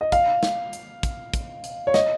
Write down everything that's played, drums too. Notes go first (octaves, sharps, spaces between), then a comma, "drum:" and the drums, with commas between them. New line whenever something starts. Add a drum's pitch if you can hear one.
D#5
F5, drum: kick, hi-hat
drum: snare
drum: hi-hat
drum: kick, hi-hat
drum: kick, hi-hat
drum: hi-hat
C#5
D#5, drum: snare